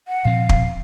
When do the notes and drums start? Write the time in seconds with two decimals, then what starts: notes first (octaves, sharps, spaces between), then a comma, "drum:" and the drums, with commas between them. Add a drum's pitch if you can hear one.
0.08 F#5
0.25 A#2 F3 C4 F5
0.49 drum: kick